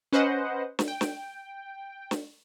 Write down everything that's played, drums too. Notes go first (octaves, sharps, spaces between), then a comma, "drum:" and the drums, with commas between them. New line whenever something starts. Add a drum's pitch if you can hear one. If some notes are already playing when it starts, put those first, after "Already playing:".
C#4 B4 C5 D#5 F#5
drum: snare
G5
drum: snare
drum: snare